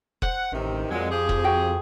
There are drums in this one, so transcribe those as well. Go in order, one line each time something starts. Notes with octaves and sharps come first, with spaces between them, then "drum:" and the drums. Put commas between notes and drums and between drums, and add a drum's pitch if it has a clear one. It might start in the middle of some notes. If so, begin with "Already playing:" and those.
C5 F#5, drum: kick F1
A1 C3 D#3
F2 A#2 F#3 G#3
F3 G4 G#4
drum: kick F1
F#4 G5